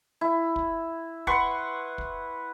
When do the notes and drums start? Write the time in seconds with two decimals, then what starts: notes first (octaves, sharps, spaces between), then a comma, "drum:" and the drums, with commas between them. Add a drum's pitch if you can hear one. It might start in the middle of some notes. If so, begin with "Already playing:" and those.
0.21 E4
0.56 drum: kick
1.27 B4 F#5 C6 C#6, drum: kick
1.98 drum: kick